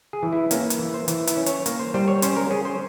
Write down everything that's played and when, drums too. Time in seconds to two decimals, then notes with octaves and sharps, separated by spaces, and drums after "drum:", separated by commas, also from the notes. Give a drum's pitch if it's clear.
0.13 G#4
0.23 E3
0.32 E4
0.51 A#3 C#4, drum: hi-hat
0.70 drum: hi-hat
0.79 E3
0.94 C5
1.08 E3, drum: hi-hat
1.27 E4, drum: hi-hat
1.37 C#4
1.46 C#5, drum: hi-hat
1.66 A#3, drum: hi-hat
1.80 C5
1.94 G3 C5
2.08 C#5
2.22 C#4 C5, drum: hi-hat
2.36 A#4
2.50 C#4 G#4
2.65 C5